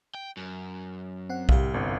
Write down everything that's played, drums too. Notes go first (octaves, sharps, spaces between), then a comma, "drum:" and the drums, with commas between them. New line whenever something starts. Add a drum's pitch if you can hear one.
G5
F#2
C4 F#5
C2 G4 F5, drum: kick B1
G1 C2